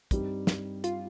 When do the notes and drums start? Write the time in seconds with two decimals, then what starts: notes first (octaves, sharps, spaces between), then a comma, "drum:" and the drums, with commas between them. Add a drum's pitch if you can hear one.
0.11 G2 G3 C4 D#4 G4, drum: kick, hi-hat
0.47 drum: snare
0.84 F4, drum: hi-hat